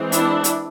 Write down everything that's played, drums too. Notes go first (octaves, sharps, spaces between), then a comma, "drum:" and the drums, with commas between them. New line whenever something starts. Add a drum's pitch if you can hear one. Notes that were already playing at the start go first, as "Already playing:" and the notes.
Already playing: E3 G#3 C4
D4 E4, drum: hi-hat
drum: hi-hat